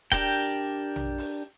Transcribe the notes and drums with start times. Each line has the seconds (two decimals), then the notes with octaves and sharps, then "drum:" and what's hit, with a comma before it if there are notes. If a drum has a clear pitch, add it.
0.12 D4 G4 A#4 G5, drum: kick D#1
0.96 drum: tom A#1
1.18 drum: open hi-hat